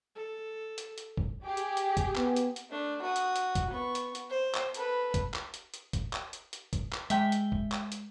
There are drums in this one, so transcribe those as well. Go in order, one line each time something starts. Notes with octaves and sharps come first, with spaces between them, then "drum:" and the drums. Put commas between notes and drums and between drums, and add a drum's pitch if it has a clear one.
A4
drum: hi-hat
drum: hi-hat
drum: kick
G4 G#4
drum: hi-hat
drum: hi-hat
drum: kick, hi-hat
B3, drum: clap
drum: hi-hat
drum: hi-hat
A3 D4
F#4 D#6
drum: hi-hat
drum: hi-hat
drum: kick, hi-hat
B3 C#6
drum: hi-hat
drum: hi-hat
C5
drum: clap
A4 B4, drum: hi-hat
drum: kick, hi-hat
drum: clap
drum: hi-hat
drum: hi-hat
drum: kick, hi-hat
drum: clap
drum: hi-hat
drum: hi-hat
drum: kick, hi-hat
drum: clap
G#3 E5 G5, drum: hi-hat
drum: hi-hat
drum: kick
drum: clap
drum: hi-hat